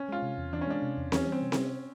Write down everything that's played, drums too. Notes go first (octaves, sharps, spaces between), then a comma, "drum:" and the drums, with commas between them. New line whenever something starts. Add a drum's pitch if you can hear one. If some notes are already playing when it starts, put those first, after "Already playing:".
Already playing: C#4
G#3 F4
C3
E2
E3 D4
C#4
G#3 D4
C3
E2
E3 C#4, drum: snare C4
G3
C4
C3
drum: snare C4